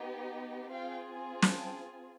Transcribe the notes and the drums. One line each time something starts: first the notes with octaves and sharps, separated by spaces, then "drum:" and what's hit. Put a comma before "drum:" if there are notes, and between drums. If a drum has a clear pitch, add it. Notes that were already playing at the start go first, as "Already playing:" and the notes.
Already playing: B3 D#4 G4
C4 F4 G#4 F5 G5
G5 A5, drum: snare